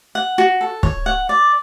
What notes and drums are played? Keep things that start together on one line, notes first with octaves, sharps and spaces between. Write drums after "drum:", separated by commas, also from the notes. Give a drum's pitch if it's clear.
F#5
F#4
A4
C#5, drum: kick
F#5
D5